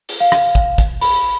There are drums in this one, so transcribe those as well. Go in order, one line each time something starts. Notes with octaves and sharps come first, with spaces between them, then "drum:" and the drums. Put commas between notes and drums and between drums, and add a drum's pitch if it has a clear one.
drum: open hi-hat
F5
drum: rim click
drum: kick, hi-hat
drum: kick, hi-hat
B5, drum: open hi-hat